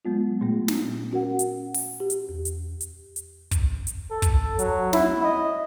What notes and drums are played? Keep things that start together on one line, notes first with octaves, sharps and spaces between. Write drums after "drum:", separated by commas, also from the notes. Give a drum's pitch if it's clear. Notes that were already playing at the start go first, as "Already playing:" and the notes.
F#3 G#3 B3 F4
A#2 A3
drum: snare
C#4 F#4 A#4 F#5
drum: hi-hat
drum: open hi-hat
G4
drum: hi-hat
E2
drum: hi-hat
drum: hi-hat
drum: hi-hat
drum: kick, hi-hat
drum: hi-hat
A4
drum: kick, hi-hat
F#3, drum: hi-hat
E4, drum: snare
D#5